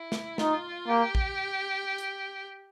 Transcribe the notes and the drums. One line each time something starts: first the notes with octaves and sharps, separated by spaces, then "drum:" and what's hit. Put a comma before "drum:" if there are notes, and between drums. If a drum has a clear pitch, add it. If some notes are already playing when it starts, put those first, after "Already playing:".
Already playing: E4
drum: snare
D#4 F4, drum: snare
A#3 G4
drum: kick
drum: hi-hat